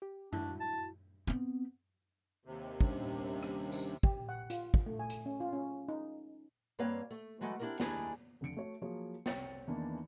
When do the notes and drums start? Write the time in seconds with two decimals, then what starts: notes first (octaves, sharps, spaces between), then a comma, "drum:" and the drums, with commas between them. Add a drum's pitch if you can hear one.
0.02 G4
0.33 D4 E4 F#4, drum: tom F#2
0.60 A5
1.27 B3 C4
2.45 D#2 C3
2.81 G3 C#4 D4, drum: kick
3.43 drum: rim click
3.72 drum: tambourine
4.03 G4, drum: kick
4.29 F#5
4.50 F4, drum: hi-hat
4.74 drum: kick
4.86 A3
4.99 G#5
5.10 drum: hi-hat
5.26 C#4
5.40 F4
5.53 C#4
5.88 D#4
6.79 G2 A#3 C4 B4 C#5 F5
7.11 A3
7.41 E3 F#3 G#3 A3 A4
7.59 C4 D4 E4 F#4 G4 A#4
7.80 D#2 A3 D4 E4 G#4 G#5, drum: snare
8.41 F1 D3 C#7 D7
8.57 A3 F#4 C#5
8.82 F3 F#3 A#3 G#4 C#5
9.26 C2 C4 C#5 G5 A6 C#7, drum: snare
9.68 E2 D#3 E3 A#3 B3 D4